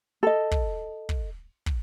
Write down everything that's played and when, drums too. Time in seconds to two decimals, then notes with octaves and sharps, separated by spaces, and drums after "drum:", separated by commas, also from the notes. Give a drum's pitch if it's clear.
0.23 A4 D#5
0.51 drum: kick
1.09 drum: kick
1.66 drum: kick